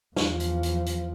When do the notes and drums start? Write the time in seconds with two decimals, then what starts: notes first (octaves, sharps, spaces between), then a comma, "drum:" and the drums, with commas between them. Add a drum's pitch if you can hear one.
0.16 E2 F3, drum: snare
0.40 drum: hi-hat
0.63 drum: hi-hat
0.86 drum: hi-hat